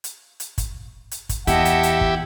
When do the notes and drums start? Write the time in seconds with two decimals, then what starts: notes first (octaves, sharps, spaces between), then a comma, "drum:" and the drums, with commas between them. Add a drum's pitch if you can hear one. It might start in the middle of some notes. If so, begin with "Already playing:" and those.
0.04 drum: hi-hat
0.40 drum: hi-hat
0.58 drum: kick, hi-hat
1.11 drum: hi-hat
1.29 drum: kick, hi-hat
1.47 E2 E4 G4 D#5 F#5 A5, drum: hi-hat
1.65 drum: hi-hat
1.83 drum: hi-hat
2.01 drum: kick